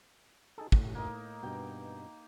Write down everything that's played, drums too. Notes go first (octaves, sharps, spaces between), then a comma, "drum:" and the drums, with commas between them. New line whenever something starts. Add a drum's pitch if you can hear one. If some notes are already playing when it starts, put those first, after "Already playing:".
D#4 G#4 A4
A2, drum: kick
A#3 D#4
G2 B2 G5